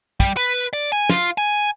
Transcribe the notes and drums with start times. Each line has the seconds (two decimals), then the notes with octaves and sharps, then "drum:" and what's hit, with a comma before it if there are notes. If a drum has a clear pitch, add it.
0.20 G3, drum: kick
0.37 B4
0.73 D5
0.92 G#5
1.10 F4, drum: snare
1.38 G#5